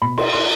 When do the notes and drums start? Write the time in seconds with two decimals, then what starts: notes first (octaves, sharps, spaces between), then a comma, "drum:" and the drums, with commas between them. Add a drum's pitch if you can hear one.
0.02 B2 B5
0.18 C6, drum: cymbal
0.33 C6